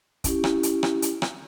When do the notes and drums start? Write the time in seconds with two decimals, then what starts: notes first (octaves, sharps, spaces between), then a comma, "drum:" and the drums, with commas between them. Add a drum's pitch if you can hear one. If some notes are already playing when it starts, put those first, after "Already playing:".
0.24 C#4 E4 G4, drum: kick, hi-hat
0.44 drum: rim click
0.63 drum: hi-hat
0.83 drum: rim click
1.02 drum: hi-hat
1.22 drum: rim click